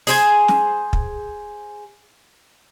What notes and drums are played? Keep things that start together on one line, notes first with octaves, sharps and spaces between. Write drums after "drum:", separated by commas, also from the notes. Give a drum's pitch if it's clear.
G#4 C5 G#5, drum: open hi-hat
drum: snare
drum: kick